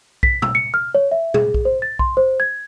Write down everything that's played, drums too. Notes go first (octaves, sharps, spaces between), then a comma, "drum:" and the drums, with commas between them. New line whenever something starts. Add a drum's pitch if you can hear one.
B6, drum: kick B1
E6, drum: tom A#2
C#7
F6
C#5
E5
G#4, drum: tom A#2
drum: kick B1
C5
A6
C6, drum: kick B1
C5
G#6